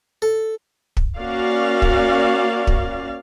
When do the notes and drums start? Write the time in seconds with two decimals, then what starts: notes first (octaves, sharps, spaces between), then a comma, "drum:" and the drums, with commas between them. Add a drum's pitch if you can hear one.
0.22 A4
0.97 drum: kick
1.18 A#3 C#4 F#4 D5 F5
1.82 drum: kick
2.67 drum: kick